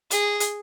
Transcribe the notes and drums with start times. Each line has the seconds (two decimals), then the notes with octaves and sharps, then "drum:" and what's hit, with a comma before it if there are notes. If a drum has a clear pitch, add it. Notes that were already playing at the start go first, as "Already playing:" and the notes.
0.11 G#4, drum: hi-hat
0.40 drum: hi-hat